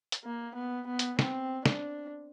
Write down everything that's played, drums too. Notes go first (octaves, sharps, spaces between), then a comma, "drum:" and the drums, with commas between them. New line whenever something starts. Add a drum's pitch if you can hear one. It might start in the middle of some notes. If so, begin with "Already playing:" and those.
drum: hi-hat
A#3
B3
B3
drum: hi-hat
C4, drum: snare
D4, drum: snare